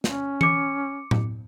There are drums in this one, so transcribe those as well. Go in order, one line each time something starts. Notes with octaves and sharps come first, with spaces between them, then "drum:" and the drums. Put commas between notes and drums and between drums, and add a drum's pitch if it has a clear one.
C#4, drum: snare
D6 C#7, drum: tom E3
drum: tom A2